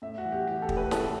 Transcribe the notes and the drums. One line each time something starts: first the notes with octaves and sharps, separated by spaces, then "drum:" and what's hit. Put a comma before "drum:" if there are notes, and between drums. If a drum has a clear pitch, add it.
A2 E5
F#4
E3
G4
E3 G4
A4
A2, drum: kick
B4
A2 A4, drum: snare